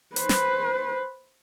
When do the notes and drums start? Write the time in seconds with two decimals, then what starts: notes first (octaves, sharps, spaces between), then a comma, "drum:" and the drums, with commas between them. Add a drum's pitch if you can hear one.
0.16 B4 C5, drum: hi-hat
0.29 drum: snare